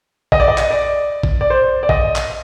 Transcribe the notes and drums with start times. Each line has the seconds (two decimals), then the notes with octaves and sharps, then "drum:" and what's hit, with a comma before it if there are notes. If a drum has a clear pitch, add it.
0.32 D#5, drum: kick A1
0.40 D5
0.48 D#5
0.58 drum: clap
0.71 D5
1.23 drum: kick A1
1.41 D5
1.50 C5
1.83 D5
1.89 D#5, drum: kick A1
2.16 drum: clap